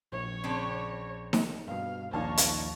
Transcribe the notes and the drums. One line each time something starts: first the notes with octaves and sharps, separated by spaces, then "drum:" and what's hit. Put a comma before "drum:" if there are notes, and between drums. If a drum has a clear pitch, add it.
A#1 C#5
C#3 C4 D4
drum: snare D#4
G2 B2 F5
A#1 D#2 A#2 D#4 C#5 F5 A5
drum: hi-hat